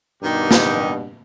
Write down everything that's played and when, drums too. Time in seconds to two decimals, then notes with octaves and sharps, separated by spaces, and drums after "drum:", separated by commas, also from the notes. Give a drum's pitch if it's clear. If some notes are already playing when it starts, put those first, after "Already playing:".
0.23 G2 B2 D#3 D#4 G4
0.51 drum: snare